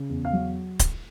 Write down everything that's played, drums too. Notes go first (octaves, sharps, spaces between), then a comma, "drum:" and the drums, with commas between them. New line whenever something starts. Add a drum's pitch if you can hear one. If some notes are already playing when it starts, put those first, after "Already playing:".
Already playing: C#3
E2
F5
F#3
drum: kick D1, hi-hat